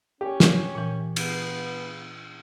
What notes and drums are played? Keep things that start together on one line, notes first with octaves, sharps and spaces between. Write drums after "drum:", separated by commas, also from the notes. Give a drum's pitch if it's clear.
C#4 G4
drum: snare
A#2 E3
B3, drum: cymbal